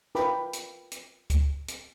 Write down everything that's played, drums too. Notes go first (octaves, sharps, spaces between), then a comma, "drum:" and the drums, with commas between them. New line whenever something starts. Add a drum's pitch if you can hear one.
F4 A#4 B4 G5 B5 D6, drum: snare
drum: hi-hat
drum: hi-hat
drum: kick, hi-hat
drum: hi-hat